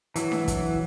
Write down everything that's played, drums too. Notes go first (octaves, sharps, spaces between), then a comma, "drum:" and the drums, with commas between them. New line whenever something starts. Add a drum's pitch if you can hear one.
E3 F#3, drum: hi-hat
drum: snare D4
drum: kick, hi-hat